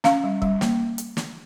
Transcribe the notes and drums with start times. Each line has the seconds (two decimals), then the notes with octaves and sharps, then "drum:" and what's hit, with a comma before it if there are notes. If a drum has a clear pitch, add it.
0.04 C#4 F5, drum: snare
0.24 G3
0.42 G3, drum: kick
0.61 A#3, drum: snare
0.98 drum: hi-hat
1.17 drum: snare